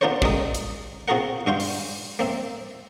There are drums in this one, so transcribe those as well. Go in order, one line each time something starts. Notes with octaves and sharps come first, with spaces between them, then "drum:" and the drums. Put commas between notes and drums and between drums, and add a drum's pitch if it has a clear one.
B3 D4 F4 A#4 C5 C#5
F#2 G3 G#3 A#4 D#6, drum: kick
drum: hi-hat
C4 F4 F#4 G#4 A#4 F#5
G2 F#4 F5 G5 C6
drum: open hi-hat
A#3 C4 E5